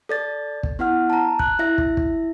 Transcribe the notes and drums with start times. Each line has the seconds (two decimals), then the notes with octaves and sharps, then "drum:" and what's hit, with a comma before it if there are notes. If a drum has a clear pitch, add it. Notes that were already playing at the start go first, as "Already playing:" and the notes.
0.09 A4 D5 A6
0.63 drum: kick
0.79 B3 E4 F#5 F6
1.10 A5 A#5
1.39 F#6, drum: kick
1.59 E4 E5 A#6
1.78 drum: kick
1.97 drum: kick